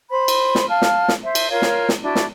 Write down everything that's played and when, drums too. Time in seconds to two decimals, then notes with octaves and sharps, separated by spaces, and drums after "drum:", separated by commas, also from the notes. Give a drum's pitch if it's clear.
0.10 C5 B5
0.28 drum: cymbal
0.55 drum: snare
0.68 F5 A5 F6
0.82 drum: snare
1.08 drum: snare
1.24 C5 E5
1.35 drum: cymbal
1.51 F4 A#4 C#5 F5
1.62 drum: snare
1.89 drum: snare
2.02 D4 E4 F#4
2.15 drum: snare